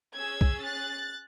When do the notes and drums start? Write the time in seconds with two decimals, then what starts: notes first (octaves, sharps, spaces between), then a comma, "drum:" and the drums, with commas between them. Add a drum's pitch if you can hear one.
0.15 C#4 G#4 E6 G#6
0.41 drum: kick C2
0.62 F#6 A6